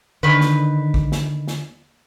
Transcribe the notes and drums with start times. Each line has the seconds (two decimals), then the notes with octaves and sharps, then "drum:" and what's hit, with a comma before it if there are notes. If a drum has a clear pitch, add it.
0.23 D3 D#3 B4
0.41 drum: snare
0.94 drum: kick
1.12 drum: snare
1.48 drum: snare